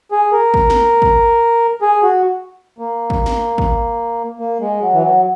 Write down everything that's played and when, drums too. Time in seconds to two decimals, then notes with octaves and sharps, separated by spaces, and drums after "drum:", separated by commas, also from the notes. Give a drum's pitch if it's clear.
0.12 G#4
0.32 A#4
0.54 drum: kick G#1
0.70 drum: snare
1.02 drum: kick G#1
1.82 G#4
2.03 F#4
2.78 A#3
3.10 drum: kick G#1
3.26 drum: snare
3.58 drum: kick G#1
4.39 A#3
4.60 G#3
4.81 F#3
4.93 E3
5.02 F#3